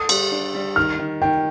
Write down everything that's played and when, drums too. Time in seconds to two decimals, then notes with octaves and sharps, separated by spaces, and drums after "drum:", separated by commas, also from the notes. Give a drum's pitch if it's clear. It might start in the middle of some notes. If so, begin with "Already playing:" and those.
Already playing: A4 D#6
0.09 G3, drum: cymbal
0.32 D4
0.55 G3
0.76 D#3 F6
0.99 D#3
1.22 D#3 G5